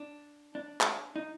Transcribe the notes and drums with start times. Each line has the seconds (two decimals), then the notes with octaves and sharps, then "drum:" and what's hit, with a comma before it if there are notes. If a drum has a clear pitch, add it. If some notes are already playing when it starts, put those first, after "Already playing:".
Already playing: D4
0.55 D4
0.81 drum: clap
1.16 D#4